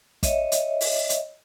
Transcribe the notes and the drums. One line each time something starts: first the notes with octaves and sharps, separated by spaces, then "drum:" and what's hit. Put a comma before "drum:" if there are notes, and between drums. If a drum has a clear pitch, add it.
C#5 D#5 E5, drum: kick, hi-hat
drum: hi-hat
drum: open hi-hat
drum: hi-hat